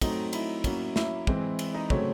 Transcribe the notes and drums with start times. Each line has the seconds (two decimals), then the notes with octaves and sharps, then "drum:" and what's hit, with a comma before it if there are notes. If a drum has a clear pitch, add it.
0.01 F#3 A3 C4 D#4 D#5, drum: kick, cymbal
0.33 E4 E5, drum: cymbal
0.64 F#3 A#3 C#4, drum: kick, cymbal
0.96 E4 E5, drum: snare
1.27 E3 G#3 C4, drum: kick
1.59 drum: cymbal
1.74 D#4 D#5
1.90 C#3 F#3 A3 C4 C#5, drum: kick